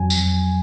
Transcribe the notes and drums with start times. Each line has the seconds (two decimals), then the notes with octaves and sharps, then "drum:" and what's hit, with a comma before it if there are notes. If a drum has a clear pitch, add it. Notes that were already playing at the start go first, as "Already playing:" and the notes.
Already playing: F2 F#3 G#5
0.10 drum: tambourine